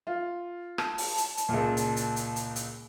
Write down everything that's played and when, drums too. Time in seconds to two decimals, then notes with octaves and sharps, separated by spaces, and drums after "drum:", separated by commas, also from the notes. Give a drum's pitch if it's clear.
0.07 F4
0.78 A5, drum: rim click
0.98 drum: open hi-hat
1.18 drum: hi-hat
1.37 drum: hi-hat
1.49 C#2 A#2
1.77 drum: hi-hat
1.97 drum: hi-hat
2.16 drum: hi-hat
2.36 drum: hi-hat
2.56 drum: hi-hat